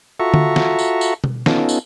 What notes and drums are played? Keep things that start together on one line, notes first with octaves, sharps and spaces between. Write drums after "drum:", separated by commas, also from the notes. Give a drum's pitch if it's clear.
F4 F#4 A4 E5 A#5 C#6
drum: tom D3
drum: snare
drum: tambourine
drum: tambourine
drum: tom B2
B3 C#4 D#4 F4 A4, drum: snare
drum: tambourine